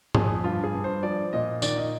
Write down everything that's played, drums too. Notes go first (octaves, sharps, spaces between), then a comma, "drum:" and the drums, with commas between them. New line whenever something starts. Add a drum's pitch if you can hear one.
F2 G#4, drum: tom G#2
G2 F4
G#4
G2
C5
F3 D5
A#2 D#5
D#3 D5, drum: tambourine
D#5